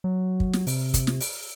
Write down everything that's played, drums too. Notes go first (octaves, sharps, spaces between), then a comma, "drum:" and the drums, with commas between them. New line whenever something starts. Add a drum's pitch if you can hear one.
F#3
drum: kick
drum: snare
C3, drum: open hi-hat
drum: kick, hi-hat
drum: snare
drum: open hi-hat